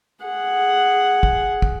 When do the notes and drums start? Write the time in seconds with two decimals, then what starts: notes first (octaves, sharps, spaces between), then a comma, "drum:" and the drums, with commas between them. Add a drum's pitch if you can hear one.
0.25 G#4 F#5
1.23 drum: kick
1.62 drum: kick